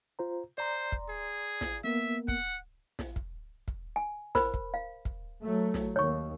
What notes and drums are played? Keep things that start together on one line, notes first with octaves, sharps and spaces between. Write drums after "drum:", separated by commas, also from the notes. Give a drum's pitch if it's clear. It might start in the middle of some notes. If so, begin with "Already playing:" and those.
F4 C5 A#5
C5 D5 A#5 C6
drum: kick
G#4
drum: snare
A#3 B3 A#4 E5
F#5, drum: kick
drum: snare
drum: kick
drum: kick
G#5
A#4 C5 B5, drum: snare
drum: kick
F5
drum: kick
F#3 A3
drum: snare
D#2 C#5 C#6